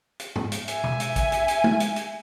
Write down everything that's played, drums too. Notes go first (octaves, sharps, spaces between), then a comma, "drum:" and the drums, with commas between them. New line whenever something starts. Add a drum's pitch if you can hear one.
drum: hi-hat
drum: tom G#2
drum: hi-hat
E5 G#5, drum: hi-hat
drum: tom B2
drum: hi-hat
drum: kick, hi-hat
drum: hi-hat
drum: hi-hat
drum: tom
drum: hi-hat
drum: hi-hat